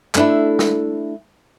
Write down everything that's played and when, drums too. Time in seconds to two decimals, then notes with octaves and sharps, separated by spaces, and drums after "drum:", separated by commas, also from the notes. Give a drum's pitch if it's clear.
0.15 A3 D4 E4, drum: clap
0.59 drum: snare